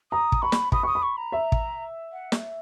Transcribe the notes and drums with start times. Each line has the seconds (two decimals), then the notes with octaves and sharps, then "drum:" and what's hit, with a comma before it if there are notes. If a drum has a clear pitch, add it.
0.12 A#5 D#6
0.32 drum: kick
0.42 B5 C#6
0.52 drum: snare
0.72 B5 D#6, drum: kick
0.83 C#6 D#6
0.95 B5
1.03 C#6
1.17 A#5
1.32 E5
1.52 drum: kick
2.12 F#5
2.32 drum: snare